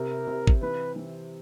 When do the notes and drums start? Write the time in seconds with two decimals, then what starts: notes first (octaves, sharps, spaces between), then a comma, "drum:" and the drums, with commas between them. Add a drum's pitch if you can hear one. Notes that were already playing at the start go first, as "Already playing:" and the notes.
Already playing: C3 C4 E4 A#4
0.27 C3
0.47 drum: kick
0.62 E3 B4
0.96 E3